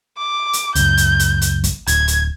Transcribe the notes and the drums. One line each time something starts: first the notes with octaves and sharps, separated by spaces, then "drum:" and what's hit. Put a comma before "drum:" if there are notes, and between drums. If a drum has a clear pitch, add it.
D6
drum: hi-hat
C#2 F#2 G6, drum: hi-hat
drum: hi-hat
drum: hi-hat
drum: hi-hat
drum: kick, hi-hat
D1 G#6, drum: hi-hat
drum: hi-hat